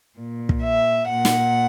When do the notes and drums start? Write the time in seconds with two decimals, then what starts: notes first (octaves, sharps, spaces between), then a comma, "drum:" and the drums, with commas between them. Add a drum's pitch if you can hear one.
0.18 A#2
0.49 drum: kick
0.64 E5
1.10 A#2 F#5
1.25 drum: snare